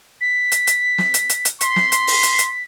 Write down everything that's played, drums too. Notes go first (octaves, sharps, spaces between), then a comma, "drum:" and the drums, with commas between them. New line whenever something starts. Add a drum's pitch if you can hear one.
B6
drum: hi-hat
drum: hi-hat
drum: snare
drum: hi-hat
drum: hi-hat
drum: hi-hat
C6 B6, drum: hi-hat
drum: snare
drum: hi-hat
drum: open hi-hat
drum: hi-hat
drum: hi-hat